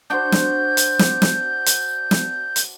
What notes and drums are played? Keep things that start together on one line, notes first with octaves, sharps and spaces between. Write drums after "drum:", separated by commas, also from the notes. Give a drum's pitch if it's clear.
D4 F#4 C5 G6
drum: snare
drum: hi-hat
drum: snare
drum: snare
drum: hi-hat
drum: snare
drum: hi-hat